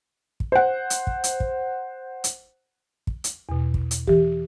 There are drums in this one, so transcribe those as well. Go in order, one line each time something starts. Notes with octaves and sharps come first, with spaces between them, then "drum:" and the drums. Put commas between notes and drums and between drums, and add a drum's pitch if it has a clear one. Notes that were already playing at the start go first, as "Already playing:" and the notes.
drum: kick
C5 F#5
drum: hi-hat
drum: kick
drum: hi-hat
drum: kick
drum: hi-hat
drum: kick
drum: hi-hat
E2 B2
drum: kick
drum: hi-hat
E3 G4, drum: kick